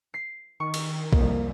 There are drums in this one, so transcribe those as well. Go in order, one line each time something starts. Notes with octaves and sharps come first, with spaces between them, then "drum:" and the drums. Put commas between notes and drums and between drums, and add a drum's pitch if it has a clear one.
C7
D#3 C#6
drum: cymbal
C2 F2 A#3, drum: kick A#1